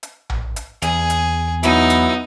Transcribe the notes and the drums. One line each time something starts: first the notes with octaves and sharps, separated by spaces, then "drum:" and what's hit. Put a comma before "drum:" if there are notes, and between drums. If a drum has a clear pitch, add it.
drum: hi-hat
drum: tom A#1
drum: hi-hat
E2 G#4, drum: hi-hat
drum: hi-hat
F#3 B3 D#4 E4, drum: hi-hat
drum: hi-hat